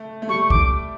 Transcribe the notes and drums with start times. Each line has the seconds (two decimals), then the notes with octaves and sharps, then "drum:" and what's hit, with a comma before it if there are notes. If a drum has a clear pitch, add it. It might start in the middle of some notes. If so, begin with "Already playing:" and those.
Already playing: A3
0.22 A3
0.29 G3 C#6
0.50 D6, drum: kick